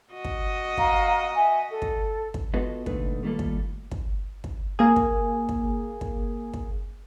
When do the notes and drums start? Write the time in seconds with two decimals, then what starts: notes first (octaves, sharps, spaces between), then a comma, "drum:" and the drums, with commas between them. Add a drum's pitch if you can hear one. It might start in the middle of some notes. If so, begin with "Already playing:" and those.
0.14 F#4 D#5
0.24 drum: kick
0.77 F5 A#5, drum: kick
1.34 E5 G#5
1.69 A4
1.82 drum: kick
2.34 drum: kick
2.54 B3 F4 F#4 A4 B4 D#5
2.86 C2 A#2 D3 A3 D#4 B4, drum: kick
3.23 D#3 G3 A3 A#3 F4 A4
3.39 drum: kick
3.91 drum: kick
4.44 drum: kick
4.79 A#3 G#4
4.96 drum: kick
5.49 drum: kick
6.01 drum: kick
6.54 drum: kick